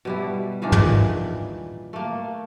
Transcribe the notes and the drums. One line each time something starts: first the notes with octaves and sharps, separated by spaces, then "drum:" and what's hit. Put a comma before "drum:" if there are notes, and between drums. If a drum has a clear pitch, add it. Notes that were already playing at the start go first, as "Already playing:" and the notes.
B2 G3 E4
A#2 D#3 E3 D4
drum: tom
A3 A#3